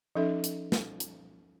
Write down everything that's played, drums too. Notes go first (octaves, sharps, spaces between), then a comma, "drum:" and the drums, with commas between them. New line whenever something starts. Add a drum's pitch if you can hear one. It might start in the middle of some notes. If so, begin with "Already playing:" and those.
F3 C#4 D#4 A4 E5
drum: hi-hat
drum: snare
drum: hi-hat